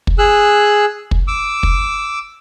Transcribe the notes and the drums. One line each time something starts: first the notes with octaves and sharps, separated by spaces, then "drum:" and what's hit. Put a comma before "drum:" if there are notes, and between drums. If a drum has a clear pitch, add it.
drum: kick
G#4 E6 F#6
drum: kick
D6 E6
drum: kick